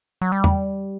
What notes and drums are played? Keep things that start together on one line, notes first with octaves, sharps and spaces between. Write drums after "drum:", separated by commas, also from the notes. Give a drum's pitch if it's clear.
F#3
G3
drum: tom E2